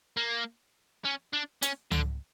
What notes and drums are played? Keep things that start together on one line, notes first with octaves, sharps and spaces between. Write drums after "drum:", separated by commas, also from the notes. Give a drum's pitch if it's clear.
A#3
C#4
D4
C#4, drum: hi-hat
D3, drum: tom C#2